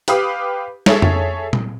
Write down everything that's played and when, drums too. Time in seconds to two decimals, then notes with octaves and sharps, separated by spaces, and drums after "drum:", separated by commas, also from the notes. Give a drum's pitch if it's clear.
0.08 G4 B4 F5 B5 D6 D#6, drum: hi-hat
0.86 G#4 A4 C#5 E5, drum: snare
1.02 drum: tom F2
1.53 drum: tom A#2